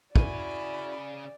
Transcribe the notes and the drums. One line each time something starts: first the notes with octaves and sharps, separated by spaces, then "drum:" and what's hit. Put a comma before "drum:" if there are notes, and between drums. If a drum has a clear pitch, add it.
C#3 E4 F#4 D5 G#5 B5, drum: kick